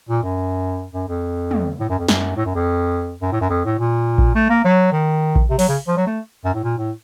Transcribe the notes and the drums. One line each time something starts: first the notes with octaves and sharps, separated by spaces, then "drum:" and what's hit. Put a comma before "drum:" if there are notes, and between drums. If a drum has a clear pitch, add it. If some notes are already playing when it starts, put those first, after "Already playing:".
A#2
F#2
F#2
F2
drum: tom
A2
F#2
F2
F#2, drum: snare
A2
F#2
F2
F#2
A2
F#2
F2
A2
A#2
drum: kick A#1
A3
A#3
F#3
D#3
drum: kick A#1
C3
F#3, drum: open hi-hat
C#3
F3
F#3
A3
F#2
A2
A#2
A2